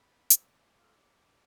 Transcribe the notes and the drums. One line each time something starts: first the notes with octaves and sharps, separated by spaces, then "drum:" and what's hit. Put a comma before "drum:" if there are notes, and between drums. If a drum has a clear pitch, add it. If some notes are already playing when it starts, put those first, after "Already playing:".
Already playing: B5
C4 D6, drum: hi-hat
F4 A4